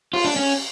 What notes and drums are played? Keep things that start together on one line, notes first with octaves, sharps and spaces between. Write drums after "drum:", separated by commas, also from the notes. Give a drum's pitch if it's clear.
F4, drum: cymbal
D4
C#4